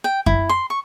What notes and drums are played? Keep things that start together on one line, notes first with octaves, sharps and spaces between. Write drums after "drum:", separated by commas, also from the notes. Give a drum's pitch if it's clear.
G5
E4, drum: kick F#2
C6
C#6